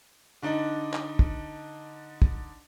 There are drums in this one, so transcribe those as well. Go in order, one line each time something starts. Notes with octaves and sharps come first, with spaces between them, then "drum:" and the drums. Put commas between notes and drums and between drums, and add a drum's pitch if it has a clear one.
D3 D4 D#4
drum: clap
drum: kick
drum: kick